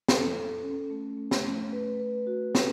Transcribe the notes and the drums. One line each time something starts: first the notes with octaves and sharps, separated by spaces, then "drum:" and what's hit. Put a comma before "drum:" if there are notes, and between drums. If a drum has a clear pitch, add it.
A4, drum: snare
A4
C#4
A3
A3
drum: snare
A3
B4
B4
F#4
A4, drum: snare